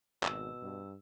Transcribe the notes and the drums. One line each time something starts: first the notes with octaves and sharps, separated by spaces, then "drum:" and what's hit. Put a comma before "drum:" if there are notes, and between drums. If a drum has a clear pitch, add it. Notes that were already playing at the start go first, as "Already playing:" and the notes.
G#1 B2 E6, drum: clap
G2